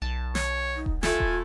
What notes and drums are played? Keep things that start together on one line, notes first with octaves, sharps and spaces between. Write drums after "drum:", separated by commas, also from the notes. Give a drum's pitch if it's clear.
B1 A5
C#5, drum: snare
D#4
drum: kick D#1
A3 E4 F4 A4 G#5, drum: snare
drum: kick D#1